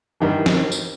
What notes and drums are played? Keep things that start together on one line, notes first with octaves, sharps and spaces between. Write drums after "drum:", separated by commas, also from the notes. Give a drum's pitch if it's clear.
G2 D#3 E3
drum: snare
drum: tambourine